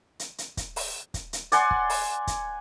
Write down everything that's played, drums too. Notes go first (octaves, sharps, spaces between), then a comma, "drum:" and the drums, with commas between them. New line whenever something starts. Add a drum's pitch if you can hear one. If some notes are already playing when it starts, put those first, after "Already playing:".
drum: hi-hat
drum: hi-hat
drum: kick, hi-hat
drum: open hi-hat
drum: kick, hi-hat
drum: hi-hat
D5 F#5 G#5 C6, drum: hi-hat
drum: kick
drum: open hi-hat
drum: kick, hi-hat